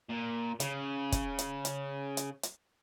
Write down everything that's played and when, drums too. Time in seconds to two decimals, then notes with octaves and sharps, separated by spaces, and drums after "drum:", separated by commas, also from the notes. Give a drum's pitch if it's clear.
0.10 A#2
0.60 C#3, drum: hi-hat
1.12 drum: kick, hi-hat
1.39 drum: hi-hat
1.65 drum: hi-hat
2.17 drum: hi-hat
2.43 drum: hi-hat